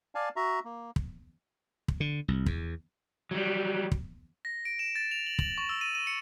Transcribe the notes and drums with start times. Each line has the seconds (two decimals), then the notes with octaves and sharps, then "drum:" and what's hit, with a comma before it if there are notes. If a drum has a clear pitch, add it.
0.15 D5 F5 G#5 A5
0.36 F#4 E5 A#5
0.65 A#3
0.96 drum: kick
1.88 drum: kick
2.00 D3
2.28 C2
2.46 E2, drum: kick
3.31 F#3 G3
3.92 drum: kick
4.45 A#6
4.65 D7
4.79 E7
4.96 A6
5.11 F7
5.26 F#7
5.39 F#7, drum: kick
5.58 C#6
5.69 E6
5.81 D#7
5.95 D#7
6.07 C#7